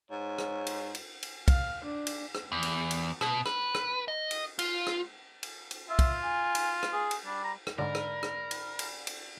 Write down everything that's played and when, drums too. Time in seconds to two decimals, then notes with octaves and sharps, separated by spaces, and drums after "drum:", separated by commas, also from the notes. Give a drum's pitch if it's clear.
0.11 G#2 C#5
0.39 drum: rim click
0.67 drum: cymbal
0.95 drum: cymbal
1.23 drum: cymbal
1.48 F5, drum: kick, cymbal
1.84 D4
2.07 drum: cymbal
2.35 drum: rim click
2.52 E2
2.63 drum: cymbal
2.91 drum: cymbal
3.21 B2, drum: rim click
3.46 B4, drum: rim click
3.75 drum: rim click
4.08 D#5
4.31 drum: cymbal
4.59 F4, drum: cymbal
4.87 drum: rim click
5.43 drum: cymbal
5.71 drum: cymbal
5.90 F4 E5
5.99 drum: kick, cymbal
6.23 G#5
6.55 drum: cymbal
6.83 drum: rim click
6.93 G#4
7.11 drum: cymbal
7.25 G3 D4
7.44 A#5
7.67 drum: rim click
7.78 G#2 D3 A#4 D5 B5
7.95 drum: rim click
8.23 drum: rim click
8.51 drum: cymbal
8.79 drum: cymbal
9.07 drum: cymbal